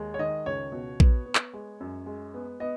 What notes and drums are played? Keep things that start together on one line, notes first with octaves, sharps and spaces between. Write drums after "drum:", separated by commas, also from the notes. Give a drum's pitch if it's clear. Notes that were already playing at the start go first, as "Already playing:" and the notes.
Already playing: D#2 G#3
C#5
D#3 D#5
C#2 C#5
B2
B3, drum: kick A#1
B3
drum: clap
G#3
F#2
G#3
B3
B3 D#5